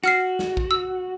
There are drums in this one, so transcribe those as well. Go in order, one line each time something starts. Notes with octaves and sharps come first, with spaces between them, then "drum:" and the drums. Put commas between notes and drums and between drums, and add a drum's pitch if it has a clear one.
F#4 F#5 F6 C7, drum: hi-hat
drum: snare
drum: kick
E6